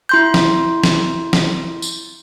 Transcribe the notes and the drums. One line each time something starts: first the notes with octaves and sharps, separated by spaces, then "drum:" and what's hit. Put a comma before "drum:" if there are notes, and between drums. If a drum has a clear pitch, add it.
E4 C6 G6
drum: snare
drum: snare
drum: snare
drum: tambourine